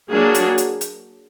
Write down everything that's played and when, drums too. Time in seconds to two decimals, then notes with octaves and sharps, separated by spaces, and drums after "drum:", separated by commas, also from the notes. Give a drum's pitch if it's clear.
0.11 F#3 A#3 D4 F#4 G#4
0.34 drum: hi-hat
0.58 drum: hi-hat
0.81 drum: hi-hat